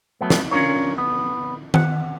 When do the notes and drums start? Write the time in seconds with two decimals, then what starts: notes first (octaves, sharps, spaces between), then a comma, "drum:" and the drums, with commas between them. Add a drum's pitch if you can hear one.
0.21 F#3 A3 B3
0.30 drum: snare
0.51 C#4 D4 F4 A#4 C#5
0.98 B3
1.74 F#5, drum: tom D#3